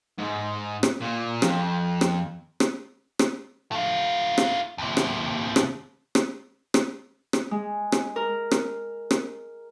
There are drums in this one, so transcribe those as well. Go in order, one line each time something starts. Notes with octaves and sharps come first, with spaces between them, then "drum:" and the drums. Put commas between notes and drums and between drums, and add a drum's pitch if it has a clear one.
G#2
drum: rim click
A#2
F2, drum: rim click
drum: rim click
drum: rim click
drum: rim click
A3 F4
drum: rim click
D#2 C3
drum: rim click
drum: rim click
drum: rim click
drum: rim click
drum: rim click
G#3
drum: rim click
A#4
drum: rim click
drum: rim click